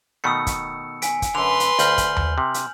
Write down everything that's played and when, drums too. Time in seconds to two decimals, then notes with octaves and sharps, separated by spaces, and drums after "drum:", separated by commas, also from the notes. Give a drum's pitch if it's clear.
0.24 B2 D#3 A3 E6 C#7
0.47 drum: kick, hi-hat
1.02 G#5 B6 D7, drum: hi-hat
1.22 drum: kick, hi-hat
1.35 F#2 D3 B4 C6 F7
1.60 drum: hi-hat
1.79 D2 F6 G6 F#7, drum: hi-hat
1.98 drum: kick, hi-hat
2.17 drum: tom D#2
2.38 C3
2.54 drum: hi-hat